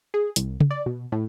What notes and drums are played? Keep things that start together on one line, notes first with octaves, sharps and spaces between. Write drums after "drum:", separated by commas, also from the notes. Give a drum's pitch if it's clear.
G#4
C2, drum: hi-hat
drum: tom
D5
B2
A2